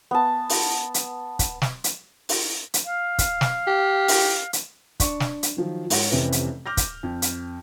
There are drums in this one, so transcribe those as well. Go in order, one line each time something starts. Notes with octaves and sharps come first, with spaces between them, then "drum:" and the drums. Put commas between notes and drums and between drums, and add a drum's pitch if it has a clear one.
B3 A5
drum: open hi-hat
drum: hi-hat
drum: kick, hi-hat
drum: snare
drum: hi-hat
drum: open hi-hat
drum: hi-hat
F5
drum: kick, hi-hat
drum: snare
G4
drum: open hi-hat
drum: hi-hat
D4 D5 C#6, drum: kick, hi-hat
drum: snare
drum: hi-hat
D#3 F3 F#3
G#2 C#5 F#5, drum: open hi-hat
F1 C3 E3 C#4 B4
drum: hi-hat
D6 F6 G6 A#6
drum: kick, hi-hat
F2
drum: hi-hat